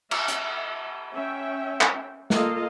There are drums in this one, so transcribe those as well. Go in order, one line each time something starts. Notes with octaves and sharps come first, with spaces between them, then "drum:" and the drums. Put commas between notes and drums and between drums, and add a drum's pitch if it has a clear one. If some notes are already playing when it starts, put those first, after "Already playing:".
E5, drum: cymbal
drum: hi-hat
C#4 E5 G5
drum: clap
A#3 F4 A4 D#5 F5, drum: snare